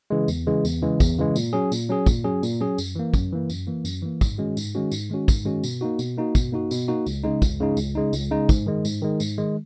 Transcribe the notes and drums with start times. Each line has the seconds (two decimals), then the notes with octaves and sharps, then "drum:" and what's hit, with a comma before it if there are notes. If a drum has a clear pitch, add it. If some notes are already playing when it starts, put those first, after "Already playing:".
0.10 C#3 E3 G#3
0.28 E2, drum: tambourine
0.47 C#3 E3 G#3
0.65 E2, drum: tambourine
0.82 C#3 E3 G#3
1.00 E2, drum: kick, tambourine
1.18 C#3 E3 G#3
1.36 A#2, drum: tambourine
1.53 F#3 C#4 G#4
1.72 A#2, drum: tambourine
1.89 F#3 C#4 G#4
2.06 A#2, drum: kick, tambourine
2.24 F#3 C#4 G#4
2.43 A#2, drum: tambourine
2.61 F#3 C#4 G#4
2.78 F#2, drum: tambourine
2.95 E3 A#3
3.14 F#2, drum: kick, tambourine
3.32 E3 A#3
3.50 F#2, drum: tambourine
3.67 E3 A#3
3.85 F#2, drum: tambourine
4.02 E3 A#3
4.21 G#2, drum: kick, tambourine
4.38 D#3 G#3 C#4 F#4
4.57 G#2, drum: tambourine
4.75 D#3 G#3 C#4 F#4
4.92 G#2, drum: tambourine
5.10 D#3 G#3 C#4 F#4
5.28 G#2, drum: kick, tambourine
5.45 D#3 G#3 C#4 F#4
5.63 B2, drum: tambourine
5.81 A#3 D#4 F#4
5.99 B2, drum: tambourine
6.17 A#3 D#4 F#4
6.35 B2, drum: kick, tambourine
6.52 A#3 D#4 F#4
6.71 B2, drum: tambourine
6.88 A#3 D#4 F#4
7.06 C#2, drum: tambourine
7.23 C#3 G#3 D#4
7.42 C#2, drum: kick, tambourine
7.60 C#3 G#3 D#4
7.77 C#2, drum: tambourine
7.95 C#3 G#3 D#4
8.13 C#2, drum: tambourine
8.31 C#3 G#3 D#4
8.49 G#2, drum: kick, tambourine
8.67 D#3 G#3
8.85 G#2, drum: tambourine
9.02 D#3 G#3
9.20 G#2, drum: tambourine
9.38 D#3 G#3